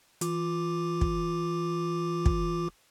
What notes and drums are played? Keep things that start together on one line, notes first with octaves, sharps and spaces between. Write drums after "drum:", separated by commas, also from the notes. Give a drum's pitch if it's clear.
E3 F4 D6, drum: hi-hat
drum: kick
drum: kick